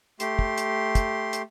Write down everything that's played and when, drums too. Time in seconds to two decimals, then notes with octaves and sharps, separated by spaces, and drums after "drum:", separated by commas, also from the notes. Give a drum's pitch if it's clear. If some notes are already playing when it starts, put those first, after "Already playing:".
0.20 A3 G4 C6, drum: hi-hat
0.39 drum: kick
0.58 drum: hi-hat
0.95 drum: kick, hi-hat
1.33 drum: hi-hat